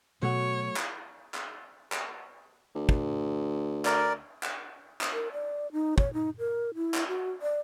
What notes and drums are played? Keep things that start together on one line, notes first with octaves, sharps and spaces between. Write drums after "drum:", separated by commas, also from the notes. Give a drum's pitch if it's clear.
B2 F#3 A3 F#4 C#5
drum: clap
drum: clap
drum: clap
D2
drum: kick
A#4 D5, drum: clap
drum: clap
drum: clap
A#4
D5
D#4
C#5, drum: kick
D#4
A#4
E4
drum: clap
F#4
D5